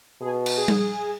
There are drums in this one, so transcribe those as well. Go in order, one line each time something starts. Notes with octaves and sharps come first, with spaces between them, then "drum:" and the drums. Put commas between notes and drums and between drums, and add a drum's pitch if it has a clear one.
B2 G#4
drum: cymbal
G#4
drum: tom G3